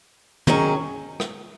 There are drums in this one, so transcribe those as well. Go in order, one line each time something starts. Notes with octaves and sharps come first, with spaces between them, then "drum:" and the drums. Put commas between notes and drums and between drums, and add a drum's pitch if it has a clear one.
D#3 F#3 C#4 G#4, drum: tom
drum: rim click